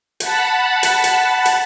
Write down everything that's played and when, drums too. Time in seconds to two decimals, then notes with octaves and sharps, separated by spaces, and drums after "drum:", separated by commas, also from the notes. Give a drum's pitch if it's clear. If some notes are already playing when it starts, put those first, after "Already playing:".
0.20 F#5 A5 B5, drum: hi-hat
0.83 drum: hi-hat
1.04 drum: hi-hat
1.45 drum: hi-hat